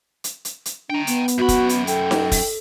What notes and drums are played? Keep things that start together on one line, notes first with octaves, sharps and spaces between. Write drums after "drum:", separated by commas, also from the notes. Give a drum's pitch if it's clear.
drum: hi-hat
drum: hi-hat
drum: hi-hat
D4 G5 A#5
B3, drum: hi-hat
drum: hi-hat
F#2 F#4 B5
drum: kick, hi-hat
drum: hi-hat
A4 G5, drum: hi-hat
drum: snare D#4
drum: kick, open hi-hat